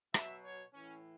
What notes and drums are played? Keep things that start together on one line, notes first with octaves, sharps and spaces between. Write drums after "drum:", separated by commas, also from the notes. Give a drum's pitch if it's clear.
B2 F#3 E5, drum: rim click
C#5
A2 E3 C#4